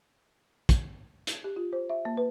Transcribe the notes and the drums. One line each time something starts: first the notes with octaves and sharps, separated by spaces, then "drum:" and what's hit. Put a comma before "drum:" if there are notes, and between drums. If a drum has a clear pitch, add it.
drum: kick, hi-hat
drum: hi-hat
G4
F4
C5
E5
A#3
B4